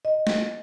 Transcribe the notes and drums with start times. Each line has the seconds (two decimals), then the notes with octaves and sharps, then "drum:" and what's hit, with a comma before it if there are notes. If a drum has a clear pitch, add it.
0.05 D#5
0.27 drum: snare